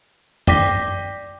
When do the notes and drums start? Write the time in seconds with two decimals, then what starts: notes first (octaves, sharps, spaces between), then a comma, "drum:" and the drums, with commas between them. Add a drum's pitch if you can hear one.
0.47 D5 G5 D6 A#6 B6, drum: tom